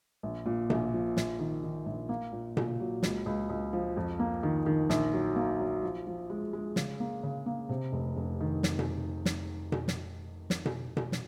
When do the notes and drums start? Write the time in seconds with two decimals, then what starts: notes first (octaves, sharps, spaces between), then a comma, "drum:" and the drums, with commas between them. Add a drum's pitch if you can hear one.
0.23 A#1
0.46 A#2
0.70 A#1, drum: tom B2
0.93 F3
1.17 A#1, drum: snare
1.39 D#3
1.63 D#3
1.86 A#1
2.09 A#3
2.32 A#2
2.57 A#2, drum: tom B2
2.80 F#3
3.03 C#2, drum: snare
3.26 C#2
3.50 C#2
3.73 F3
3.97 F2
4.19 A#3
4.43 D#3
4.66 D#3
4.90 A#1, drum: snare
5.13 F#3
5.36 A#3
5.59 F#3
5.83 F3
6.07 F3
6.30 G#3
6.53 G#3
6.76 C#3, drum: snare
7.00 A#3
7.23 C#3
7.46 A#3
7.69 C3
7.93 F1
8.17 F1
8.40 D#3
8.63 drum: snare
8.79 drum: tom B2
9.25 drum: snare
9.72 drum: tom B2
9.88 drum: snare
10.50 drum: snare
10.66 drum: tom B2
10.97 drum: tom B2
11.12 drum: snare